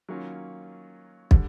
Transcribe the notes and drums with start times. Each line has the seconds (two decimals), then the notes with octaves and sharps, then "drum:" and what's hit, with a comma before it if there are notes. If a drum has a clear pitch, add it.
0.09 D#3 F#3 A#3 C#4 F4
1.31 D3 G3, drum: kick